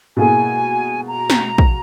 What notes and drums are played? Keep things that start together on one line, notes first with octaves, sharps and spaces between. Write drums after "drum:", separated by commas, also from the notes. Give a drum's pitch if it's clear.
B2 A#3 E4 G#4 G#5
A#5
drum: snare
drum: kick